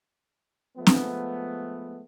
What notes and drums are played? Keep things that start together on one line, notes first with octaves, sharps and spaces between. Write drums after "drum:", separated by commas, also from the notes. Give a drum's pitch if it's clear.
F3 G#3 A3 B3
drum: snare C4